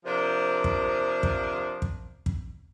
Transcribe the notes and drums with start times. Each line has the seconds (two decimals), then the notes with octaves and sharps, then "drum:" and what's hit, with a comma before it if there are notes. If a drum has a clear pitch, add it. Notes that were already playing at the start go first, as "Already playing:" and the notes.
0.05 C3 F3 D4 A#4 C5
0.64 drum: kick
1.23 drum: kick
1.82 drum: kick
2.26 drum: kick